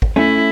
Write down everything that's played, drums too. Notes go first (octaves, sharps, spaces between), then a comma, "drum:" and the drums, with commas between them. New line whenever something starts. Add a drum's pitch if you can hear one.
drum: kick
A3 C#4 E4